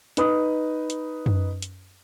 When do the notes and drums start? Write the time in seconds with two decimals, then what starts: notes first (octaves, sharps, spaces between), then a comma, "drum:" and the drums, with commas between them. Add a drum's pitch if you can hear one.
0.17 D#4 B4 D#6, drum: hi-hat
0.90 drum: hi-hat
1.26 drum: tom F#2
1.62 drum: hi-hat